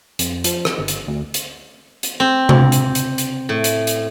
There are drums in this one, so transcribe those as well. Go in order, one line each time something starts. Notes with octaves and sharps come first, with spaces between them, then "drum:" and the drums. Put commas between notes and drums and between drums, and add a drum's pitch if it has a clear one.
F2, drum: hi-hat
F3, drum: hi-hat
drum: rim click
G1
drum: hi-hat
D2
drum: hi-hat
drum: hi-hat
C4
drum: tom C3
drum: hi-hat
drum: hi-hat
drum: hi-hat
A2
drum: hi-hat
drum: hi-hat